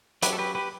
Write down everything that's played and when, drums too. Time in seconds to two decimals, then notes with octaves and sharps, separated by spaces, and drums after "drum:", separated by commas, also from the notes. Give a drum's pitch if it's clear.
0.22 F#3 C#4 G4 B4, drum: hi-hat
0.33 A4
0.39 G4 B4
0.55 G4 B4